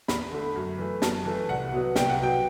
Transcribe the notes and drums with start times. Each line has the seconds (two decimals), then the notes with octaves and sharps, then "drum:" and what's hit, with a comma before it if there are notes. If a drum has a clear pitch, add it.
0.08 E2 B5, drum: snare
0.32 D3 A3
0.56 F#2
0.78 E3 A3
1.02 F#2 A5, drum: snare
1.25 E3 A3
1.49 C2 F#5
1.72 B2 F#3 B3
1.95 C2 G5, drum: snare
2.10 F#5
2.19 B2 F#3 B3 G5